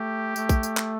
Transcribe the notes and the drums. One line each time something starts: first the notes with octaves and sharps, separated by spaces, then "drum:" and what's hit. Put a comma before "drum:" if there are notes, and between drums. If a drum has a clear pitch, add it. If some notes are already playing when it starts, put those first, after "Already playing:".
Already playing: A3 G4
A3, drum: tambourine
drum: kick A#1, tambourine
drum: tambourine
drum: clap